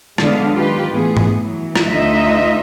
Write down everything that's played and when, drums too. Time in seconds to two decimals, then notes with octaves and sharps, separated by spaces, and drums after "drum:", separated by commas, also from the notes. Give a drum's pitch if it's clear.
0.18 D3 F#3 G#3 B3 D4 F5, drum: rim click
0.55 D#3 F4 G4 B4
0.91 A2 E3 B3 G#4
1.17 drum: tom G#2
1.38 E3 F#3
1.76 drum: rim click
1.86 D2 D3 D#4 F4 D#5 E5